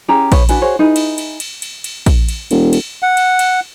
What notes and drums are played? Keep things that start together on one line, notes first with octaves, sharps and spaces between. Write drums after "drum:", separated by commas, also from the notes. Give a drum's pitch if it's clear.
C#4 G4 G#4 A#5
B4 C#5, drum: kick A#1, cymbal
D4 F#4 B4 G#5, drum: cymbal
F#4 G#4 C5 C#5
D#4 E4 G#4 B4
drum: cymbal
drum: cymbal
drum: cymbal
drum: cymbal
drum: cymbal
drum: kick A#1, cymbal
drum: cymbal
E1, drum: cymbal
drum: cymbal
F#5
drum: cymbal
drum: cymbal